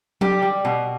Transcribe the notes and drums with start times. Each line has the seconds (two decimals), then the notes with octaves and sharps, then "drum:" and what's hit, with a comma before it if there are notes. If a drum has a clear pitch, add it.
0.21 G3 G4, drum: tom F#3
0.42 G3
0.65 B2